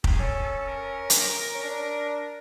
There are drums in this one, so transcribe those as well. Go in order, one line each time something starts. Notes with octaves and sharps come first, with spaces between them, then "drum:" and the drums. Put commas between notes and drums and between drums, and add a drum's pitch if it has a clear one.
G4, drum: kick
G#4
C#4 A4
A4
A#4
drum: hi-hat
C#4
D4